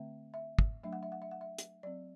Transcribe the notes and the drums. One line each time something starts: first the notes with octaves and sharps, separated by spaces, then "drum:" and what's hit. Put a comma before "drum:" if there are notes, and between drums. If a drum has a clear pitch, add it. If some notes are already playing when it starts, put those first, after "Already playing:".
Already playing: D3 A3 C4 E5
E5
drum: kick
F#3 A3 D4 E5
F#5
E5
F#5
E5
F#5
E5
drum: hi-hat
F#3 C4 D5